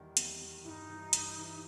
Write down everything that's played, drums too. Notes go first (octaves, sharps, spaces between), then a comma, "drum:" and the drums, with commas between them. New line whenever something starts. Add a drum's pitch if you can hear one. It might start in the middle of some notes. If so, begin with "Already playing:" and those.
Already playing: E2 D#3 G3
E2, drum: hi-hat
D#3 G3
G2 D#4 E4
E3 G3
G2, drum: hi-hat
E3 G3